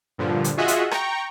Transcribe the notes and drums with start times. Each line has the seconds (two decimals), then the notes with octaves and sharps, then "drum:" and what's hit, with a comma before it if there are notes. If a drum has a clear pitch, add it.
0.18 G2 A#2 D3 F3
0.44 drum: hi-hat
0.57 F4 F#4 G#4 D#5 E5 F#5
0.68 drum: hi-hat
0.91 G5 A#5 C#6, drum: rim click